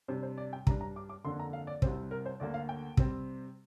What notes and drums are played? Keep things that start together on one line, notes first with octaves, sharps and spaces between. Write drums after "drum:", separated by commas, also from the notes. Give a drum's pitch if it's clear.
C3 G3 D4 C5
C5
D5
G5
G2 G3 D4 A#5, drum: kick
A#5
D6
D6
F2 D3 A#3 D4 C6
A#5
F5
D5
C2 C3 G3 C4 C5, drum: kick
A#4
C5
D2 D3 A#3 D5
F5
G5
C3 G3 C4, drum: kick